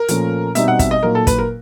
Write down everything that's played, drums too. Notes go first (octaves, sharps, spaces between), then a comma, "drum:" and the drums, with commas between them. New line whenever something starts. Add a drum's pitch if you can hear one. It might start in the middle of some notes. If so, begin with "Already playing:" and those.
Already playing: A#4
A#2 F3 A3 C#4, drum: hi-hat
B2 G3 C4 D#4 E5, drum: hi-hat
F#5
E5, drum: kick, hi-hat
D#5
A#2 F#3 A#3 D#4 A#4
A4
B4, drum: kick, hi-hat
A#4